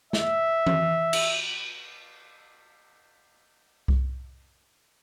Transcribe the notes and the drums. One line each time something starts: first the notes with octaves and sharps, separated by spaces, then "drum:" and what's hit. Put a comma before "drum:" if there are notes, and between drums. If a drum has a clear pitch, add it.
E5, drum: snare
drum: tom E3
drum: cymbal
drum: kick C2